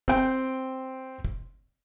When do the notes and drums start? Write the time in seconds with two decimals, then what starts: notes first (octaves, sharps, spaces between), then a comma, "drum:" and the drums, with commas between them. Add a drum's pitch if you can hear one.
0.08 C4 G5, drum: kick
1.25 drum: kick